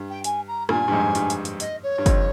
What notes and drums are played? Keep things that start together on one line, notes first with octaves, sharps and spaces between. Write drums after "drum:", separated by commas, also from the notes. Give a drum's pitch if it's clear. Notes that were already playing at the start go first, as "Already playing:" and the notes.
Already playing: G2
G5
G#5, drum: hi-hat
A#5
G2 A#2 G#5, drum: rim click
G2
F2 G#2
G2, drum: hi-hat
drum: hi-hat
drum: hi-hat
D#5, drum: hi-hat
C#5
G2
F2, drum: kick F#1, hi-hat